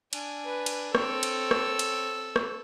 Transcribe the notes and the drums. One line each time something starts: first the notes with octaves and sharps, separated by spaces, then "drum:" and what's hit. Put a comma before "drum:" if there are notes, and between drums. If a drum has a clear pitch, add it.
D4 G#5, drum: cymbal
B4
drum: cymbal
C4 A4 C#5 E6, drum: rim click
drum: cymbal
drum: rim click
drum: cymbal
drum: rim click